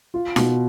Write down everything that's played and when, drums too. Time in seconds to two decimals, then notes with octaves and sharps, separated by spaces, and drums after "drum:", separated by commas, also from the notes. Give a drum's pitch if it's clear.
0.14 F4
0.36 B2, drum: snare D#4